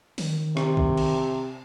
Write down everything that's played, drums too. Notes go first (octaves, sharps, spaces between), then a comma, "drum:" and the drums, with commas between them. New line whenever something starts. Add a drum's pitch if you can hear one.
D#3, drum: open hi-hat
C3, drum: rim click
drum: kick
drum: cymbal